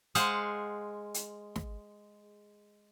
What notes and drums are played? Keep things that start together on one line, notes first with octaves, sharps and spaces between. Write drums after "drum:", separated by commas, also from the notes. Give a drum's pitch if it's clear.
G#3 G#4 C5 F5 F#5, drum: hi-hat
drum: hi-hat
drum: snare